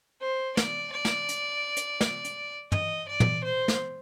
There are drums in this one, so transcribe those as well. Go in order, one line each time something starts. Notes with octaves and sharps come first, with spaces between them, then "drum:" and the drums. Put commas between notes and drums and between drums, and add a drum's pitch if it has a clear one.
C5
D5, drum: snare
D5
drum: snare
drum: hi-hat
drum: hi-hat
drum: snare
drum: hi-hat
D#5, drum: tom
D5
drum: tom
C5
drum: snare